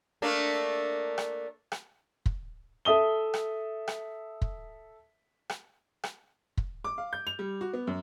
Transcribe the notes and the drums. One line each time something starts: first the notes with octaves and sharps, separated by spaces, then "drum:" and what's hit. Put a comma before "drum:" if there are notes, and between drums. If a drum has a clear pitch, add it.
A3 A#3 D4
drum: rim click
drum: rim click
drum: kick
A4 E5 D#6 G7
drum: rim click
drum: rim click
drum: kick
drum: rim click
drum: rim click
drum: kick
D6
F5
G6
F7
G3
F#4
B3
F#2